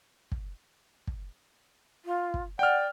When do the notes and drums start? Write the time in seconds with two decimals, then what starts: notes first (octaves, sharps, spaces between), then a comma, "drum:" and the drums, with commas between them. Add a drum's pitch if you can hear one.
0.32 drum: kick
1.07 drum: kick
2.05 F4
2.34 drum: kick
2.59 D5 F#5 G5 F6